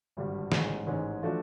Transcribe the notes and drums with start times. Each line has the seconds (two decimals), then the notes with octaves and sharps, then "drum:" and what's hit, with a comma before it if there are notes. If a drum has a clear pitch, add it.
0.17 G#1 G2 D3 G3
0.52 A1 G#2 D#3 G#3 C#4, drum: snare
0.87 A1 G#2 D#3 G#3 C#4
1.23 F3 A3 D4 F#4